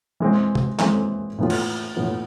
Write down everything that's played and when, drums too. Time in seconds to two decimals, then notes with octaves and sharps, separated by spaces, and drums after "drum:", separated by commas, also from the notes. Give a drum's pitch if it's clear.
0.20 E3 G#3 C4
0.55 drum: tom
0.79 E3 G#3 C4, drum: clap
1.38 A2 E3 B3 F4
1.50 drum: cymbal
1.96 A2 E3 B3 F4